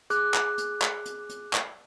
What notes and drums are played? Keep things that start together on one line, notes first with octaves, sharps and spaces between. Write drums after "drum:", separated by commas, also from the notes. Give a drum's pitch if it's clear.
G#4 D6 F#6, drum: hi-hat
drum: clap
drum: hi-hat
drum: clap
drum: hi-hat
drum: hi-hat
drum: clap